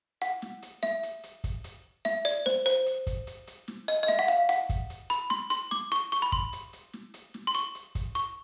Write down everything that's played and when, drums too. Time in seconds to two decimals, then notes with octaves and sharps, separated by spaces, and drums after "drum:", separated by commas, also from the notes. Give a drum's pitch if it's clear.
0.22 F#5, drum: hi-hat
0.42 drum: snare
0.62 drum: hi-hat
0.83 E5, drum: snare
1.03 drum: hi-hat
1.23 drum: hi-hat
1.44 drum: kick, hi-hat
1.64 drum: hi-hat
2.05 E5, drum: snare
2.25 D5, drum: hi-hat
2.46 C5, drum: snare
2.66 C5, drum: hi-hat
2.86 drum: hi-hat
3.07 drum: kick, hi-hat
3.27 drum: hi-hat
3.47 drum: hi-hat
3.68 drum: snare
3.88 D#5, drum: hi-hat
4.03 D#5
4.08 E5, drum: snare
4.19 F#5
4.28 F5
4.49 F#5, drum: hi-hat
4.69 drum: kick, hi-hat
4.90 drum: hi-hat
5.10 B5, drum: hi-hat
5.30 C6, drum: snare
5.50 C6, drum: hi-hat
5.71 D6, drum: snare
5.92 C#6, drum: hi-hat
6.12 C#6, drum: hi-hat
6.22 B5
6.32 C6, drum: kick
6.53 drum: hi-hat
6.73 drum: hi-hat
6.93 drum: snare
7.14 drum: hi-hat
7.34 drum: snare
7.47 C6
7.55 C#6, drum: hi-hat
7.75 drum: hi-hat
7.95 drum: kick, hi-hat
8.15 C#6, drum: hi-hat